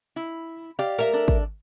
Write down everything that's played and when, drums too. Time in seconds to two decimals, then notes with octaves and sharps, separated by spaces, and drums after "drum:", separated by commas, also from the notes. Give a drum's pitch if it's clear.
0.16 E4
0.79 G4 D5 F5
0.98 A#4 E5
1.13 D4 A4
1.28 drum: kick G#1